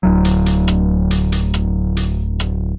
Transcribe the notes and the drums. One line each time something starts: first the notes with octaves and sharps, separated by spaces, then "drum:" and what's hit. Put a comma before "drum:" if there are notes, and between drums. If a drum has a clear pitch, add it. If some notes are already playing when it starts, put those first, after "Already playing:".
D1 F#3
drum: hi-hat
drum: hi-hat
drum: rim click
drum: hi-hat
drum: hi-hat
drum: rim click
drum: hi-hat
drum: rim click